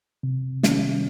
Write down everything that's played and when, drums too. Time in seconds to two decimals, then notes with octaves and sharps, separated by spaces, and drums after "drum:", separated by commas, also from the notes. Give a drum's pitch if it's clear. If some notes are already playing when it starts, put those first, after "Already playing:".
0.23 C3
0.63 D#3 G3 C#4, drum: snare